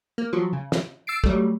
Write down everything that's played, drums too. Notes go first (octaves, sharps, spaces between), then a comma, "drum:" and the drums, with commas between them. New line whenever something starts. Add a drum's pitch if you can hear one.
A#3
F3 F#3
C#3
drum: snare
E6 A6 C7 D7
F#3 G3 A3, drum: kick